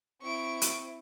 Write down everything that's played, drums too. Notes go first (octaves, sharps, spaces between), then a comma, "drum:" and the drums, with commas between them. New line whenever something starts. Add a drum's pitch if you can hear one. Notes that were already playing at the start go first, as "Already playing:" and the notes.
C4 E4 C#6 D7
drum: hi-hat